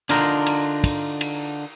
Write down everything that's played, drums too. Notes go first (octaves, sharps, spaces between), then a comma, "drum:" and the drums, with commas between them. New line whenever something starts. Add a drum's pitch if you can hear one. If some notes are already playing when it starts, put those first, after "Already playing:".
D3 D4 D#4 F4 A#4, drum: cymbal
drum: cymbal
drum: kick, cymbal
drum: cymbal